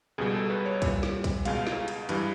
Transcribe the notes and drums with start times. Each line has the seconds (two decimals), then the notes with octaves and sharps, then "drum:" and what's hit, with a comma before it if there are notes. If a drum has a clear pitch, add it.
0.18 C#2 B2 G3 G#4
0.34 A4
0.50 B4
0.66 C#5
0.82 A#2 G3, drum: kick, hi-hat
1.03 drum: snare
1.24 drum: kick, hi-hat
1.45 C#2 B2 G#3 F5, drum: hi-hat
1.67 drum: snare
1.88 drum: hi-hat
2.09 G2 E3 G3, drum: hi-hat